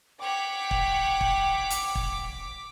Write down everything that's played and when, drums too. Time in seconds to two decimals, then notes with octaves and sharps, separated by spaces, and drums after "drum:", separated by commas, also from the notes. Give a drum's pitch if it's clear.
0.21 C#5 F#5 G5 D6 B6
0.71 drum: kick
1.21 drum: kick
1.70 drum: hi-hat
1.95 drum: kick